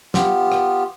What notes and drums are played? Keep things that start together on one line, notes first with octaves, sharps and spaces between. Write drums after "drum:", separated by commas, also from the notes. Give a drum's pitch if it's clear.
B3 F4 G4, drum: snare
drum: rim click